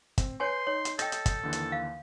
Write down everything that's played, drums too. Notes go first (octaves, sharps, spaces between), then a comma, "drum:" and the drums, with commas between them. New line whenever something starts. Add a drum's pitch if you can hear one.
C4, drum: kick, hi-hat
B4 C#5 G#5 C6 G6 C7
D#4 C#5 C7
drum: hi-hat
A4 D#5 G5 D#6 G6 A#6, drum: hi-hat
drum: hi-hat
drum: kick, hi-hat
D#2 D3 E3
drum: hi-hat
F5